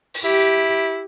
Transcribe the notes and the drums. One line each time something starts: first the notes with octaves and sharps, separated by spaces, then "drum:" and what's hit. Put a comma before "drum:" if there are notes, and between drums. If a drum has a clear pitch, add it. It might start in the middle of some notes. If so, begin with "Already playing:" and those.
drum: open hi-hat
E4 G4